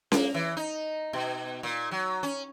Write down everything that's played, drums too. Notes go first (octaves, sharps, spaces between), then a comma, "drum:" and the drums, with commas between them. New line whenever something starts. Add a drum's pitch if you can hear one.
A#3, drum: snare C#4
E3
D#4
B2
A#2
F#3
C#4